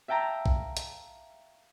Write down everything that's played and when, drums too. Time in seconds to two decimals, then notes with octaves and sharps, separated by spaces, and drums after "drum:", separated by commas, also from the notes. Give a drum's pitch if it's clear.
0.08 E5 F5 G5 A5 A#5
0.46 drum: kick A#1
0.77 drum: hi-hat